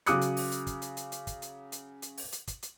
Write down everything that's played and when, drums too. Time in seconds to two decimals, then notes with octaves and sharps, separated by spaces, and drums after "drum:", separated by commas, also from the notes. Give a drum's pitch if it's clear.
0.06 C#3 F#3 D6 D#6 F#6 C#7, drum: hi-hat
0.22 drum: hi-hat
0.37 drum: open hi-hat
0.52 drum: hi-hat
0.67 drum: kick, hi-hat
0.82 drum: hi-hat
0.97 drum: hi-hat
1.12 drum: hi-hat
1.27 drum: kick, hi-hat
1.42 drum: hi-hat
1.72 drum: hi-hat
2.02 drum: hi-hat
2.17 drum: open hi-hat
2.33 drum: hi-hat
2.48 drum: kick, hi-hat
2.63 drum: hi-hat